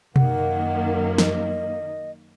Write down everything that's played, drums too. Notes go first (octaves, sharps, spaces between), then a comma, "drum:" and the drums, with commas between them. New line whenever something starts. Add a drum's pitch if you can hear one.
F#2 D#3 A#3 F#5, drum: tom B2
D#5, drum: snare